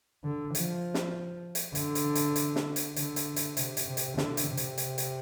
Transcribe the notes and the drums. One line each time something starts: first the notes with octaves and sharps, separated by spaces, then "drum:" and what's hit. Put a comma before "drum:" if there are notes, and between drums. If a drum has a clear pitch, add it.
D3
F3, drum: hi-hat
drum: snare
drum: hi-hat
D3, drum: hi-hat
drum: hi-hat
drum: hi-hat
drum: hi-hat
drum: snare
drum: hi-hat
D3, drum: hi-hat
drum: hi-hat
drum: hi-hat
C3, drum: hi-hat
drum: hi-hat
C3
drum: hi-hat
D3, drum: snare
drum: hi-hat
C3
drum: hi-hat
drum: hi-hat
drum: hi-hat